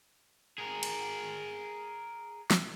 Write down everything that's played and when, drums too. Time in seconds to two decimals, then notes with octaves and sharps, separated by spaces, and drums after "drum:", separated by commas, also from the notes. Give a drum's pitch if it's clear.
0.58 G#4 A#4
0.83 drum: cymbal
2.51 drum: snare